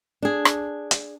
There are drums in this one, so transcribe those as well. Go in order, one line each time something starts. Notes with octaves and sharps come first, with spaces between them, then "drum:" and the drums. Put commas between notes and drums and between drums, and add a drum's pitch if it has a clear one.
D4 G#4
drum: rim click
drum: hi-hat